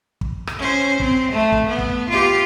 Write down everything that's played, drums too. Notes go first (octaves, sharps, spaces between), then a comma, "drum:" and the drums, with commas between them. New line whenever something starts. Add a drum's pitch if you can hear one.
drum: kick
drum: rim click
C#4 C5
C4, drum: kick
A3
drum: kick
B3
drum: kick
F4 G4